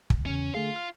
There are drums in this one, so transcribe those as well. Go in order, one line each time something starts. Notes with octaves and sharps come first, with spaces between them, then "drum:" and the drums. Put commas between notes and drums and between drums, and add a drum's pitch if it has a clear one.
C#2, drum: kick
E2 C#3 C#4
D3 A3 F4 G#4 F5
F6